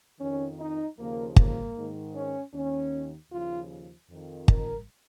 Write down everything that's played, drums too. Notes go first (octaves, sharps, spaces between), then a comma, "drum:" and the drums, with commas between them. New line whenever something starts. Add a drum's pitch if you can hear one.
F2 D#3 C#4
D#4
D#2 C#3 F3 A#3
A#3, drum: kick
G#2 D#3
C#4
D#2 D#3 C#4
D#2 C#3 F3 F4
F2 D#3
A#4, drum: kick